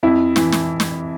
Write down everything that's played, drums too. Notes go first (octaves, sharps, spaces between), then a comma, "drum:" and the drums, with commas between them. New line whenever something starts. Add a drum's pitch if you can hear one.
F2 E4
E3, drum: snare
drum: snare
drum: snare